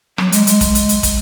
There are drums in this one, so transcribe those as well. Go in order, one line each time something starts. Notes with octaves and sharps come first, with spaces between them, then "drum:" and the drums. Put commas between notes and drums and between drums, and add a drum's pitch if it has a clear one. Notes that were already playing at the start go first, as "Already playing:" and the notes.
F#3, drum: rim click
G#3, drum: hi-hat
G#3, drum: hi-hat
drum: kick, hi-hat
drum: hi-hat
drum: hi-hat
drum: kick, hi-hat